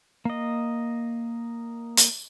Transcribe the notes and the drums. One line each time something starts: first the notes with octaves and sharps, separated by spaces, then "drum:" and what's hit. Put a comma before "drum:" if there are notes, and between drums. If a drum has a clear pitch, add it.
A#3 D#5
drum: hi-hat